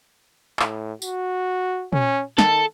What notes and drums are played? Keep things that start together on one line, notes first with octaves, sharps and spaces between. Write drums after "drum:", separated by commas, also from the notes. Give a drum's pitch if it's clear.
A2, drum: clap
F#4, drum: tambourine
C#4, drum: tom A#2
D#3 A4, drum: snare